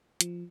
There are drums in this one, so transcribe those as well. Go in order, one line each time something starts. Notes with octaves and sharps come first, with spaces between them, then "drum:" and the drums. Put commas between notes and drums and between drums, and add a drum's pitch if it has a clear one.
F3, drum: hi-hat